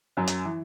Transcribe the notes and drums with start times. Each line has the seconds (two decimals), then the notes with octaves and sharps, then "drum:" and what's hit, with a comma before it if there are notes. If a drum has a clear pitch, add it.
0.17 F#2 F#3
0.27 drum: hi-hat
0.45 E3